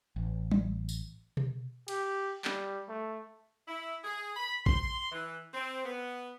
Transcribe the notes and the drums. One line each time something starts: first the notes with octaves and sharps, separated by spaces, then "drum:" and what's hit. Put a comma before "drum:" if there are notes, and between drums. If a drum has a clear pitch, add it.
A1
drum: tom F#3
drum: tambourine
drum: tom B2
G4, drum: cymbal
G3, drum: clap
A3
E4
G#4
B5
C6, drum: kick
E3
C4
B3